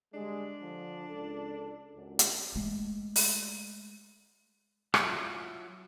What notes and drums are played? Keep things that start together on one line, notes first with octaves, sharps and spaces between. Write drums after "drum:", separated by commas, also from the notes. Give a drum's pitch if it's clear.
D3 G3 G#3 D4
D3 F3
C#2 A4
C#2 F#2
drum: hi-hat
G#3 A3
drum: open hi-hat
F#3 E4 F4 E5, drum: rim click